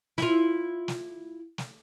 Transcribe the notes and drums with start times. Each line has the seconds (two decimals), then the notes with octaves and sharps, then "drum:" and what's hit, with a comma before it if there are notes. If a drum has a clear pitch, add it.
0.18 E4 F4, drum: snare
0.88 drum: snare
1.58 drum: snare